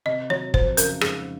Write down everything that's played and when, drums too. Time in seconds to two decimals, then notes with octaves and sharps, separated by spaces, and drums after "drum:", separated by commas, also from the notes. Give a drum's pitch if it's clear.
0.05 C3 D#5
0.30 F#3 C#5
0.54 F2 C5, drum: kick
0.77 C#3 A#4, drum: hi-hat
1.01 G#2 G#4, drum: rim click